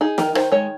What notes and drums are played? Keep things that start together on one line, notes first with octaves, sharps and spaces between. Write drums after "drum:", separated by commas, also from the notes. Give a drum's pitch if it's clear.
D#4 G#4
D#3 A#4, drum: snare
D#3 C5, drum: rim click
G#3 C#5